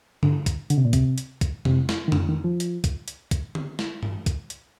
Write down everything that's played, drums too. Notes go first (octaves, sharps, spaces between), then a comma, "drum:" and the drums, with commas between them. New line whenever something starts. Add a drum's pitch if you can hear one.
D3, drum: tom G2
drum: kick, hi-hat
D3, drum: hi-hat
C3
A#2
C3, drum: kick, hi-hat
drum: hi-hat
drum: kick, hi-hat
C3, drum: tom F2
drum: snare
D#3
D3, drum: tom F2
D#3
F3
drum: hi-hat
drum: kick, hi-hat
drum: hi-hat
drum: kick, hi-hat
drum: tom D3
drum: snare
drum: tom G2
drum: kick, hi-hat
drum: hi-hat